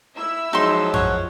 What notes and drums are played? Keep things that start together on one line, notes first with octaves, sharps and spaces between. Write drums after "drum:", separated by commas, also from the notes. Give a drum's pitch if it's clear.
E4 E5 E6
F3 F#3 G#3 D#4 C6
C#5 F#5, drum: tom F2